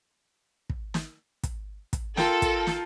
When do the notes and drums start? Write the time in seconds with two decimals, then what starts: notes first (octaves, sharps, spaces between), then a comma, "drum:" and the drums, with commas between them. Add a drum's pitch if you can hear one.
0.70 drum: kick
0.94 drum: snare
1.43 drum: kick, hi-hat
1.93 drum: kick, hi-hat
2.17 F4 A4 A#4 G5, drum: snare
2.42 drum: kick, hi-hat
2.67 drum: snare